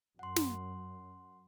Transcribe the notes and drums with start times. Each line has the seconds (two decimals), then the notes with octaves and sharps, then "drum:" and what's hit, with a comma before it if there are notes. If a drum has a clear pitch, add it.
0.19 F#2 F#5 C6
0.36 drum: snare